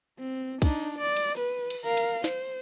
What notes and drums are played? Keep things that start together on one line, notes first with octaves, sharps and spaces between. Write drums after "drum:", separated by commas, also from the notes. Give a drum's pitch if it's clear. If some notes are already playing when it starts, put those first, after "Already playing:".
C4
D4 D#4, drum: kick, cymbal
D5
drum: cymbal
B4
drum: cymbal
A#4 F5
drum: cymbal
C5, drum: snare